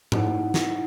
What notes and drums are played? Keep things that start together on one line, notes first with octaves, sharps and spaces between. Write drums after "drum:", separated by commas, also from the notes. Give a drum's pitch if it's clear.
D#4 E4 F#5, drum: tom G#2
drum: snare